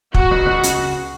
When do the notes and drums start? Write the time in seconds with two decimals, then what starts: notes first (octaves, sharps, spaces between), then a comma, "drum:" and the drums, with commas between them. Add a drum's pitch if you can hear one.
0.14 F#3 F#4, drum: kick
0.31 C#2
0.46 C#2
0.63 C#3, drum: hi-hat